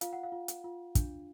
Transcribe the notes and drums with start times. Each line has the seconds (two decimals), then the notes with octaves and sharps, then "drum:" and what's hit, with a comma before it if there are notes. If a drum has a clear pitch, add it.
0.01 F4 F5, drum: hi-hat
0.13 F#5
0.23 F5
0.32 F4
0.48 drum: hi-hat
0.64 F4
0.95 D4, drum: kick, hi-hat